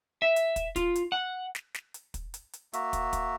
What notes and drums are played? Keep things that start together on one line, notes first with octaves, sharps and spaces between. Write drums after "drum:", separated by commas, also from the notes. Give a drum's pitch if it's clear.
E5
drum: hi-hat
drum: kick, hi-hat
F4, drum: kick, hi-hat
drum: hi-hat
F#5
drum: snare
drum: snare
drum: hi-hat
drum: kick, hi-hat
drum: hi-hat
drum: hi-hat
A#3 F#4 E5, drum: hi-hat
drum: kick, hi-hat
drum: kick, hi-hat